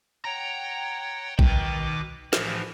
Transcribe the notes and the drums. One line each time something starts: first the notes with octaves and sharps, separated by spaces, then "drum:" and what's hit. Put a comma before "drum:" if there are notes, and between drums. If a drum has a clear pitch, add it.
C#5 F#5 G5 A#5
B2 D#3 B4 G5 D6, drum: kick
A2 E3 F3 F#4 C5, drum: snare